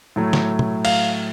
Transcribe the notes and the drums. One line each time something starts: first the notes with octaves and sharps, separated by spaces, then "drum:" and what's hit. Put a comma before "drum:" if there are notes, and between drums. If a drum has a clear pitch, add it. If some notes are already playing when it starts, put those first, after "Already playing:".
A2 F#3 A3
drum: snare
drum: tom
F5, drum: cymbal